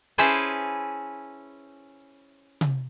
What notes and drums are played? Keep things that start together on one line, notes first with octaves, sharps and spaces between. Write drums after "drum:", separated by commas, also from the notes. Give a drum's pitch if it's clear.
C#4 E4 G#4 B4 C5 A5, drum: hi-hat
drum: tom C3